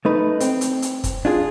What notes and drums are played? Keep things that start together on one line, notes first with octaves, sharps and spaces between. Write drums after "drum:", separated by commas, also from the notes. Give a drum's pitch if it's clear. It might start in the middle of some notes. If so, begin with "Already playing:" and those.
A3 D#4 B4
C4, drum: hi-hat
drum: hi-hat
drum: hi-hat
drum: kick, hi-hat
D4 F4 G#4